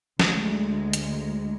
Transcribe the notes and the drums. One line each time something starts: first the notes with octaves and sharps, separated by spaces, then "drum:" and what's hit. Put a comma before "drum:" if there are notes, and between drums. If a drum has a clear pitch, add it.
D2 G#3, drum: snare
drum: hi-hat